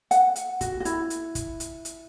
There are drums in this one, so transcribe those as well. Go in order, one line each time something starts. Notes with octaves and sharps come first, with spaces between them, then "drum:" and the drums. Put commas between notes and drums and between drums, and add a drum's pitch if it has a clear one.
F#5, drum: hi-hat
drum: hi-hat
F#4, drum: kick, hi-hat
F#4
E4, drum: hi-hat
drum: hi-hat
drum: kick, hi-hat
drum: hi-hat
drum: hi-hat